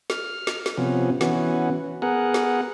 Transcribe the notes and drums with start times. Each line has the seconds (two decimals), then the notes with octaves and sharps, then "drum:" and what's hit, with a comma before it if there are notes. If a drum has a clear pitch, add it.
0.10 F6, drum: snare
0.47 drum: snare
0.66 drum: snare
0.77 C3 F3 B3 C#4
1.21 E3 B3 C#4 F#4, drum: snare
2.02 B3 G#4 A#4 F#5
2.34 drum: snare